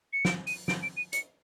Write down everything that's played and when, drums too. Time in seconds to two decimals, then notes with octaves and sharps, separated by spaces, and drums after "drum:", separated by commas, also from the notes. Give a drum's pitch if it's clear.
0.13 C#7
0.25 D7, drum: snare
0.47 D#7, drum: open hi-hat
0.68 D7, drum: snare
0.83 D7
0.97 D#7
1.13 C#7, drum: hi-hat